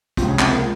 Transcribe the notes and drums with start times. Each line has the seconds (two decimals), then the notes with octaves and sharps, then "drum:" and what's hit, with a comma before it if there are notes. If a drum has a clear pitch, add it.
0.17 C#2 C3 F3 C4, drum: kick, hi-hat
0.28 C#4
0.39 C4, drum: clap
0.50 A#3